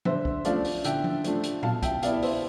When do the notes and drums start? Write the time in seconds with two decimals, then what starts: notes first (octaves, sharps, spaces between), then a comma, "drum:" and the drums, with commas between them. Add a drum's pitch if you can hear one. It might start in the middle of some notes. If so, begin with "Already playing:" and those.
0.05 D3 C5 E5, drum: tom F3
0.25 drum: kick C2
0.45 F3 A3 D4 D5 F5, drum: hi-hat
0.65 drum: open hi-hat
0.84 D3 E5 G5, drum: hi-hat
1.04 drum: tom F3
1.24 F3 A3 D4, drum: hi-hat
1.44 drum: hi-hat
1.63 B2 F5 A5, drum: tom A#2
1.83 E5 G5, drum: kick C2, hi-hat
2.03 B3 E4 D5 F5, drum: hi-hat
2.22 C5 E5, drum: open hi-hat